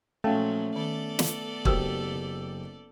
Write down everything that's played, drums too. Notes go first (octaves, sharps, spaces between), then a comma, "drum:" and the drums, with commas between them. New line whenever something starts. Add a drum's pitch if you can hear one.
A#2 F3 F#3 A3 C#4 F5 G5 A5
D#3 B3 A4 D5
drum: snare
F#1 F#4 G4 A#4 C5 E6, drum: kick